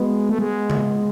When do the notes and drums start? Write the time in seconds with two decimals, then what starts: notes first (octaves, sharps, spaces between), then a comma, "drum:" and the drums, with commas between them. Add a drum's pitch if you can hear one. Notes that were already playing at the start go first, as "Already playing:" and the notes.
Already playing: G#3 B3 F#4
0.29 A3
0.39 G#3
0.70 drum: tom C#3